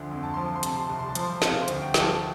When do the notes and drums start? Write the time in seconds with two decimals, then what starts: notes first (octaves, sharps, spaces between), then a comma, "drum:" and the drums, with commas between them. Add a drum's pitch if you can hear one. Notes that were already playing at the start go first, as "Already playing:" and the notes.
Already playing: D2 D3 F3 C6
0.11 F2
0.23 A5
0.34 F3 C6
0.46 A5
0.56 C6
0.63 C3 A5, drum: hi-hat
0.77 C6
0.87 C2 A5
0.99 C6
1.09 A5
1.15 F3 C6, drum: hi-hat
1.30 A5
1.42 C3 F5, drum: snare
1.61 C5
1.68 D2, drum: hi-hat
1.82 G5
1.94 F3, drum: snare
2.01 A5